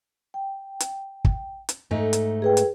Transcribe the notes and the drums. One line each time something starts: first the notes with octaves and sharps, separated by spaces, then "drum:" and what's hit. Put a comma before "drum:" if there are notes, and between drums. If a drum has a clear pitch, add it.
G5
drum: hi-hat
drum: kick
drum: hi-hat
G#2 A3 D#4
drum: hi-hat
G#4 B4 G5
drum: hi-hat